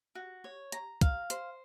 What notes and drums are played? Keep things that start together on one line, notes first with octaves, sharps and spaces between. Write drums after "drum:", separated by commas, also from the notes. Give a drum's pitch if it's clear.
F#4
C#5
A#5, drum: hi-hat
F5, drum: kick C2, hi-hat
C5, drum: hi-hat